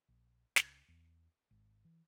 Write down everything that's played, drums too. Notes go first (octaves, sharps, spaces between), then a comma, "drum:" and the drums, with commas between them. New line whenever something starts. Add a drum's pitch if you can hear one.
A#1
C#2, drum: snare
E2
G#1
E3